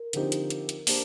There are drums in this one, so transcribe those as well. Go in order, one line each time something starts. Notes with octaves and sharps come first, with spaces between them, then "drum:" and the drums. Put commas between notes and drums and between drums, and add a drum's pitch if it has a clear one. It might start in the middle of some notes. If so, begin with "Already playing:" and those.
Already playing: A#4
D3 F3 C4 D#4 G4, drum: hi-hat
drum: hi-hat
drum: hi-hat
drum: hi-hat
A#3 D4 G4 C5, drum: open hi-hat